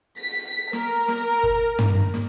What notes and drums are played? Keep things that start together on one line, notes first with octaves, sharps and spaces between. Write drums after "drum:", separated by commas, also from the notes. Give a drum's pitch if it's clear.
B6
A#4, drum: snare
drum: snare
drum: kick G1
drum: tom
drum: snare